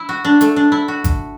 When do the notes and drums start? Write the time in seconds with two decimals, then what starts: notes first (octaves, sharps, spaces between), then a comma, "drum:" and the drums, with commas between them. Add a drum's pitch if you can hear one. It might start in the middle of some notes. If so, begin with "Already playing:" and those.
Already playing: E4
0.09 F#4
0.25 D4
0.41 A3, drum: hi-hat
0.56 D4
0.72 E4
0.88 F#4
1.04 drum: kick, hi-hat